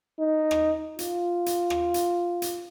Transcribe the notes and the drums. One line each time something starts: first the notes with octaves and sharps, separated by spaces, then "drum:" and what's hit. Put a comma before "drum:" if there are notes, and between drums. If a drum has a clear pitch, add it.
D#4
drum: rim click
F4, drum: hi-hat
drum: hi-hat
drum: rim click
drum: hi-hat
drum: hi-hat